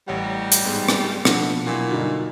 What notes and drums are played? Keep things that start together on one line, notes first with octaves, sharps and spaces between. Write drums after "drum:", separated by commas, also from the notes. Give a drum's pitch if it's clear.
A1 G3 C#5 F#5
drum: hi-hat
G#2 B3 G#4
drum: rim click
B2 F3 B3 D4 F#5, drum: rim click
A#2 F#3 E4
G2 D3 D#4 F#4
F5